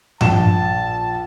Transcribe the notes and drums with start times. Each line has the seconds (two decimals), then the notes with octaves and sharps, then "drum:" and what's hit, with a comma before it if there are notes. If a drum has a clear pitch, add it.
0.21 A#1 A5 E7, drum: tom G2